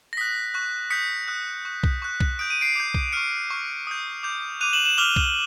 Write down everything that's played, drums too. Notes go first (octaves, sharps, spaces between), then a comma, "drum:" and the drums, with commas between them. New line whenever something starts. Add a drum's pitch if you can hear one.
A#6
D#6 F#6 B6
C#6 F#6
D#6 G6 B6 C#7
D#6 F#6
C#6 F#6
drum: kick B1
C#6 F#6
drum: kick B1
D#6 G6 D7
D#7
C7 D7
D6 G6
drum: kick B1
C#6 F6 C#7 D#7
C#6 F6
D#6 G6
D6 G6
D6 F#6 D#7 F7
E7 F#7
E7 F#7
D6 F6 F7 G7
drum: kick B1